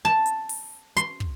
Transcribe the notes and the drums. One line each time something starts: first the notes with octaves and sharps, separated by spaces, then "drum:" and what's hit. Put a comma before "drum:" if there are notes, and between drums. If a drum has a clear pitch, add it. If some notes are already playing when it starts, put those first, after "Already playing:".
A5
drum: hi-hat
drum: open hi-hat
C6, drum: hi-hat
drum: kick